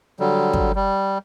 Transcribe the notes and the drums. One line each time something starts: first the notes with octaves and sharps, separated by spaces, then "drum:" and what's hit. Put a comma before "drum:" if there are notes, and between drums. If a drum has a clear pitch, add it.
D3 F#3 G3
drum: kick
G3